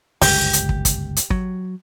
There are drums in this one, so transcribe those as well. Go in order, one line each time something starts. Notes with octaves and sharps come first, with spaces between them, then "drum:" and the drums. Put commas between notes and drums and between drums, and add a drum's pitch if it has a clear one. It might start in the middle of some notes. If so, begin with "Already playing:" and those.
G1 C#2 F#2 G4, drum: open hi-hat
drum: hi-hat
drum: kick
drum: kick, hi-hat
drum: hi-hat
F#3, drum: kick